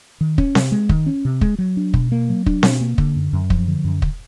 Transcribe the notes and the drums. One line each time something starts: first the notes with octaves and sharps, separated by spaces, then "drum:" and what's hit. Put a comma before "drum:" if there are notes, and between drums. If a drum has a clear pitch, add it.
D#3
C#4, drum: kick
C3, drum: snare C4
G#3
D#3, drum: kick
C#4
C3
G#3, drum: kick
F#3
D4
B2, drum: kick
A#3
F#3
D4, drum: kick
B2, drum: snare C4
A#3
D3, drum: kick
F#2
F#2
F3, drum: kick
D3
F#2
drum: kick